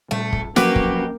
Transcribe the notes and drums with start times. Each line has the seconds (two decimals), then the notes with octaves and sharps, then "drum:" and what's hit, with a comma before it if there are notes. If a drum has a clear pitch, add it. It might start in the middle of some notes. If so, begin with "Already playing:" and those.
0.11 A#2 G3 A3
0.33 drum: kick
0.56 F3 F#3 A#3 C#4 F#4 G4 B4, drum: snare
0.76 drum: kick